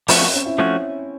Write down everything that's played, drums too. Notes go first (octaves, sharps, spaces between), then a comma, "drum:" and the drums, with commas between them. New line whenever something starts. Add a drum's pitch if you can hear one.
F3 A3 C4 C#4 F#4 C5, drum: open hi-hat
C4 C5
C#4 C#5
E4 E5
F3 A3 C#4 F#4